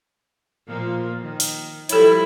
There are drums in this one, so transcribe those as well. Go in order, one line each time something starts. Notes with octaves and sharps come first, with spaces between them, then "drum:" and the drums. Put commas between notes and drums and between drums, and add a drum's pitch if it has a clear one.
A#2 F3 A#3
D#3
drum: open hi-hat
F3 G3 E4 A4 C#5, drum: hi-hat